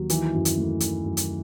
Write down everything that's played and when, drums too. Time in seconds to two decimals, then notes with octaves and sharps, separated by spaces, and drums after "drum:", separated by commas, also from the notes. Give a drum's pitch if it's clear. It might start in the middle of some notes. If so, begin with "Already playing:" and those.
Already playing: D#2 F#3
0.10 D#3 E3 E4, drum: hi-hat
0.34 F#2
0.45 drum: hi-hat
0.57 A3
0.80 D#3, drum: hi-hat
1.05 F#2
1.17 drum: hi-hat